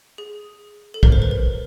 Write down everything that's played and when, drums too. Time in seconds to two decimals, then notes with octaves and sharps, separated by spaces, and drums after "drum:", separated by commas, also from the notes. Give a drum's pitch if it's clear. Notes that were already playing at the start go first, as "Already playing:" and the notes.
0.18 G#4
0.94 A4
1.03 A#4, drum: kick
1.12 C5
1.22 B4
1.31 A#4